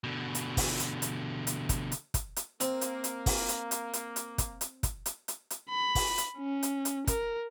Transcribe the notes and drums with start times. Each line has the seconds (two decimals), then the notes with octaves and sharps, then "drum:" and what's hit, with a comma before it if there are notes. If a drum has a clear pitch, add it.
0.04 B2 D3
0.35 drum: hi-hat
0.57 drum: kick, open hi-hat
0.79 drum: hi-hat
1.02 drum: hi-hat
1.47 drum: hi-hat
1.69 drum: kick, hi-hat
1.92 drum: hi-hat
2.14 drum: kick, hi-hat
2.36 drum: hi-hat
2.60 A#3 C4, drum: hi-hat
2.81 drum: hi-hat
3.04 drum: hi-hat
3.26 drum: kick, open hi-hat
3.49 drum: hi-hat
3.71 drum: hi-hat
3.93 drum: hi-hat
4.16 drum: hi-hat
4.38 drum: kick, hi-hat
4.61 drum: hi-hat
4.83 drum: kick, hi-hat
5.06 drum: hi-hat
5.28 drum: hi-hat
5.50 drum: hi-hat
5.70 B5
5.95 drum: kick, open hi-hat
6.18 drum: hi-hat
6.37 C#4
6.63 drum: hi-hat
6.85 drum: hi-hat
7.07 A#4, drum: kick, hi-hat